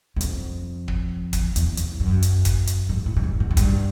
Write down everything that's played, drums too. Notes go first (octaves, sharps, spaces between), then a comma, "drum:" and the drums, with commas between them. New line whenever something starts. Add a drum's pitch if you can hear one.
E2
F2, drum: hi-hat
drum: kick
drum: kick, hi-hat
E2, drum: hi-hat
F2, drum: hi-hat
F#2
drum: hi-hat
drum: kick, hi-hat
drum: hi-hat
G#2
A2
G#2
G2
G#2
G#2
G2, drum: kick, hi-hat